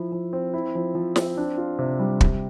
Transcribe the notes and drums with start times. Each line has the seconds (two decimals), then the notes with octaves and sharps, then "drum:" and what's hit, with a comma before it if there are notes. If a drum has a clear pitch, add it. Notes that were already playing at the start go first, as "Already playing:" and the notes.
Already playing: F3 E4
0.12 F3
0.33 C4
0.54 E4
0.75 F3
0.95 F3
1.16 C4, drum: snare
1.37 D4
1.57 F4
1.79 C3
1.99 G3
2.21 G3, drum: kick